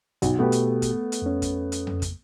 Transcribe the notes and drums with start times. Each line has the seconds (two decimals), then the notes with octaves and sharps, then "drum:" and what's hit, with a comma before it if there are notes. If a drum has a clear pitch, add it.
0.22 B1 F#4, drum: kick, hi-hat
0.39 B2 A3 B3 F#4 G4
0.52 drum: hi-hat
0.82 drum: kick, hi-hat
1.12 drum: hi-hat
1.22 F2 C#4
1.42 drum: kick, hi-hat
1.72 drum: hi-hat
1.87 drum: tom F2
2.02 drum: kick, hi-hat